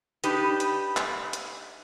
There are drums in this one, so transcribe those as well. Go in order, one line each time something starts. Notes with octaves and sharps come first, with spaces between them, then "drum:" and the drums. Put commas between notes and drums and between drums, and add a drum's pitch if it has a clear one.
D4 D#4 G4 B4, drum: hi-hat
drum: hi-hat
drum: clap
drum: hi-hat